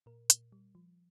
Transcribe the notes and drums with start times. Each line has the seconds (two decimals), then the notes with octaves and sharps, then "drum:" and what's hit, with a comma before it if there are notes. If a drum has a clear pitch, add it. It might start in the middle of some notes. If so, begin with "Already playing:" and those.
0.06 A#2 A#4
0.30 A#2, drum: hi-hat
0.52 G3
0.75 F3